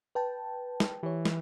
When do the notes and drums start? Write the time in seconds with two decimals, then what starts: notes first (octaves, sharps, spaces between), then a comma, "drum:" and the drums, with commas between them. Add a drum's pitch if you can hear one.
0.15 B4 G5 A5
0.80 drum: snare
1.03 E3 G4 C#5
1.25 drum: snare